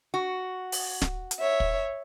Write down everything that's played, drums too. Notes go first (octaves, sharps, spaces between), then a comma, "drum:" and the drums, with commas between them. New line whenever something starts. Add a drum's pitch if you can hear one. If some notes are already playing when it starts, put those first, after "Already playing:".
F#4
drum: open hi-hat
drum: snare
drum: hi-hat
C#5 E5
drum: kick